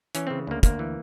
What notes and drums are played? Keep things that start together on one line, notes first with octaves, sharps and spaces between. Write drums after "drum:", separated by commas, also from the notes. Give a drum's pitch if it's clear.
E3 C#4, drum: hi-hat
C#3 C4
D2 A#3
D2 A#3, drum: kick, hi-hat
E3